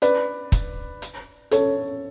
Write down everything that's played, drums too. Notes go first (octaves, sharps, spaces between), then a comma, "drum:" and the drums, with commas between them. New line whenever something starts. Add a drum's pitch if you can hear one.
B4 D5, drum: hi-hat
drum: kick, hi-hat
drum: hi-hat
A4 C#5, drum: hi-hat